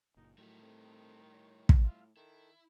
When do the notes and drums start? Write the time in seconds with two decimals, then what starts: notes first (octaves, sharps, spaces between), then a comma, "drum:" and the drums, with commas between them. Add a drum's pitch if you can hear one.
0.17 F#1 A#2 D#4
0.38 A2 D#3 F#3 G3 A3
0.62 C4 A4
1.34 C#5
1.69 drum: kick
1.84 F4 E5 F5
2.17 D#3 E4 A4